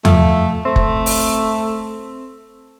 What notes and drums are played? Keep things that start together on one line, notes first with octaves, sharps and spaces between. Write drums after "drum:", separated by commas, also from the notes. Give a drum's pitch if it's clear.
F3 A3, drum: tom E2
A3 C4
drum: kick
drum: open hi-hat